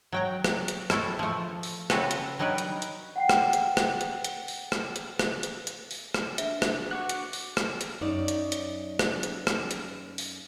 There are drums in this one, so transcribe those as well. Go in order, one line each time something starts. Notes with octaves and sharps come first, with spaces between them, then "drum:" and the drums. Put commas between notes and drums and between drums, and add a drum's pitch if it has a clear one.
F#3 G5 A#5
drum: rim click
drum: hi-hat
A3 E4 A4, drum: rim click
F3 A3
drum: open hi-hat
C#3 C4 F#4 A4 B4 F5, drum: rim click
drum: hi-hat
F#3 G3 D#4 A#4 B4
drum: hi-hat
drum: hi-hat
F#5 G5 C7
drum: rim click
drum: hi-hat
drum: rim click
drum: hi-hat
drum: hi-hat
drum: open hi-hat
drum: rim click
drum: hi-hat
drum: rim click
drum: hi-hat
drum: hi-hat
drum: open hi-hat
drum: rim click
D4 E5, drum: hi-hat
drum: rim click
F#4 C#6 D6 F#6
drum: hi-hat
drum: open hi-hat
drum: rim click
drum: hi-hat
F#2 D#4 C#5 D5
drum: hi-hat
drum: hi-hat
drum: rim click
drum: hi-hat
drum: rim click
drum: hi-hat
drum: open hi-hat